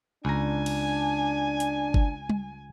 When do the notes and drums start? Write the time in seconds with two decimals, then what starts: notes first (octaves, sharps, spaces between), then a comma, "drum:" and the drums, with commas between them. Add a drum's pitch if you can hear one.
0.25 C#2 D4 G#5 A#5
0.66 drum: cymbal
1.60 drum: hi-hat
1.94 drum: kick G1
2.29 drum: tom G3